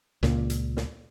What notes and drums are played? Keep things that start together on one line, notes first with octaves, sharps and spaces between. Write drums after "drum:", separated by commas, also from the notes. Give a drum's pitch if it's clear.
C#2 A#2, drum: snare
drum: hi-hat
drum: snare